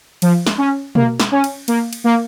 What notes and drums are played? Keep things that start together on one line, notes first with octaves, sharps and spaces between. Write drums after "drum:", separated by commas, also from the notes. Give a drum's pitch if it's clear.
F3, drum: cymbal
drum: snare
C#4
A#3, drum: tom B2
drum: snare
C#4
drum: cymbal
A#3, drum: cymbal
drum: cymbal
A#3